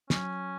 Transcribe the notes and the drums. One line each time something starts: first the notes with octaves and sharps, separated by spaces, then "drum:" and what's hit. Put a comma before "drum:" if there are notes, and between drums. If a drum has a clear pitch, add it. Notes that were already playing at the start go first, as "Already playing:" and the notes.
F#3 C#4, drum: snare